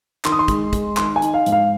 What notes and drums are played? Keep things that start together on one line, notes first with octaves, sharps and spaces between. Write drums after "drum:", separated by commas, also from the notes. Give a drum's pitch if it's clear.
D#3 C6, drum: clap
D#6
C6
G#3, drum: kick, hi-hat
G#3, drum: kick, hi-hat
D#3 C6, drum: clap
G#5
D#4, drum: hi-hat
F5
G#2, drum: hi-hat
F5